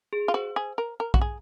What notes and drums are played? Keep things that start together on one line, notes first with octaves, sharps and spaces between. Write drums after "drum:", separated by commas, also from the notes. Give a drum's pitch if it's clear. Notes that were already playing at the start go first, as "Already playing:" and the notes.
G#4
F4
F#4 C5
G#4
A#4
A#4
F#4, drum: kick A#1
G#4